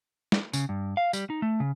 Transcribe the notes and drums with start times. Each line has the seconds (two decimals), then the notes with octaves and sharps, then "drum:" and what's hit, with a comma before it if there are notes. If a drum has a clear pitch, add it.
0.32 drum: snare
0.53 C#3, drum: tambourine
0.69 G2
0.97 F5
1.13 G3, drum: tambourine
1.30 D#4
1.42 A3
1.60 C#3